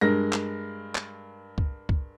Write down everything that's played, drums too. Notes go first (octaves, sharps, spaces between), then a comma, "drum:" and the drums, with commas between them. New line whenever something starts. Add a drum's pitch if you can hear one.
G2 G#3 A#4 A#6
drum: clap
drum: clap
drum: kick
drum: kick